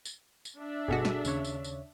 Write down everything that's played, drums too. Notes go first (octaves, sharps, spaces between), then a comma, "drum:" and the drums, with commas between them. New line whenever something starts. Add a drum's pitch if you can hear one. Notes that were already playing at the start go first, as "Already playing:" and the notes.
drum: tambourine
drum: tambourine
D4 E5
G1 B2 F#4 G#4 A4
drum: snare
D#2 C#3 C#5, drum: tambourine
drum: tambourine
drum: tambourine